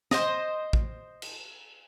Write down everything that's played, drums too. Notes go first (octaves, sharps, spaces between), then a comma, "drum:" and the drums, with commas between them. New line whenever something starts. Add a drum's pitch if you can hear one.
C5 D#5, drum: snare
drum: kick
drum: cymbal